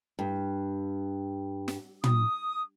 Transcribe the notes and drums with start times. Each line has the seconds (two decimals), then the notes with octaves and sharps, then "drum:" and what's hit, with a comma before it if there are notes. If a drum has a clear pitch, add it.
0.19 G2
1.68 drum: snare
2.04 D#6, drum: tom